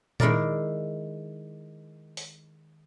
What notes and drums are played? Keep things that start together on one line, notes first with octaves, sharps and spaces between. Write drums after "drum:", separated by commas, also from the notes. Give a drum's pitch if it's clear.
D#3 G#3 E4 A#4 D5, drum: tom A#2
drum: open hi-hat